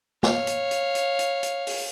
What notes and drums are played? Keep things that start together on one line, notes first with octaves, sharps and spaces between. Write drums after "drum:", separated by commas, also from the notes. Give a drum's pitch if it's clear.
C#5 F5, drum: snare
drum: hi-hat
drum: hi-hat
drum: hi-hat
drum: hi-hat
drum: hi-hat
drum: open hi-hat